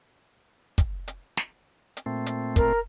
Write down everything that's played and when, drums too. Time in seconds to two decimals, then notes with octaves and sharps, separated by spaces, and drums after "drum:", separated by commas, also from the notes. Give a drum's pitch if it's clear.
0.78 drum: kick, hi-hat
1.08 drum: hi-hat
1.37 drum: snare
1.97 drum: hi-hat
2.06 A#2 A3 C4
2.26 drum: hi-hat
2.56 A#4, drum: kick, hi-hat